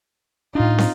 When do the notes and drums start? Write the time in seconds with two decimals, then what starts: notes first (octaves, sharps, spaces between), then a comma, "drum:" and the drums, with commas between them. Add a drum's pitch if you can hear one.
0.55 A2 D4 D#4 F4
0.78 drum: snare